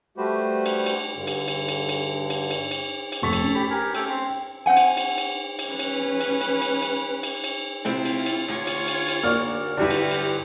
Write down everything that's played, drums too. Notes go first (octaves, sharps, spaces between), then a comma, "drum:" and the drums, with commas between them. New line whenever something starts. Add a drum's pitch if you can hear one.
G3 A3 F#4 G4 B4 C5
drum: cymbal
drum: cymbal
G2 D3
drum: cymbal
drum: cymbal
drum: cymbal
drum: cymbal
drum: cymbal
drum: cymbal
drum: cymbal
drum: cymbal
F1 A4 C#6 B6
drum: cymbal
C#4
G4 B5
G4 A#4 G#5
A3 G4 G5, drum: cymbal
C4
C4 C5 F#5 G#5
drum: cymbal
drum: cymbal
drum: cymbal
drum: cymbal
C#4 B4
drum: cymbal
drum: cymbal
drum: cymbal
drum: cymbal
drum: cymbal
drum: cymbal
drum: cymbal
C3 C4 E4 F4
drum: cymbal
drum: cymbal
D2 F4 C#5
drum: cymbal
drum: cymbal
drum: cymbal
A#3 F#4 D5 C#6 F6
G2 D3 E4 F#4 G4 B4 D5
drum: cymbal
drum: cymbal